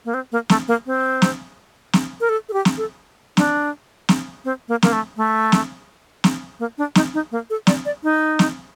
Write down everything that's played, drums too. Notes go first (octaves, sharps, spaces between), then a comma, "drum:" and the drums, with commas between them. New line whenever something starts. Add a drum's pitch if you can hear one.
A#3
C4
A#3
A3, drum: snare
A#3
C4
drum: snare
drum: snare
A#4
A4
A4
G4
drum: snare
A4
D4, drum: snare
drum: snare
C4
A#3
A#3, drum: snare
A3
A3
drum: snare
drum: snare
A#3
D4
D#4, drum: snare
D#4
A#3
A4
D5, drum: snare
D5
D#4
drum: snare